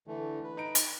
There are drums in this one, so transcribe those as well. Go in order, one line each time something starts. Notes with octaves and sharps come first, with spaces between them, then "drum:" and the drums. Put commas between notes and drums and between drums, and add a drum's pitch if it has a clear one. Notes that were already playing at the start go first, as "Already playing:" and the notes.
D3 E3 A3
B4
D#4 A#5 D7
drum: hi-hat